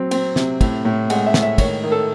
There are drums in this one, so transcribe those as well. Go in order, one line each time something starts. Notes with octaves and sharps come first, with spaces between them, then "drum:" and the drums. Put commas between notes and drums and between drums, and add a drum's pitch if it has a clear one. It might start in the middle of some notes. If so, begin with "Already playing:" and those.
Already playing: F#3 C4
C4, drum: cymbal
C3, drum: snare
A2, drum: kick, cymbal
A2
G#3 F#5, drum: cymbal
E5
A2, drum: snare
E5
D#3 C#5, drum: kick, cymbal
D#3
A4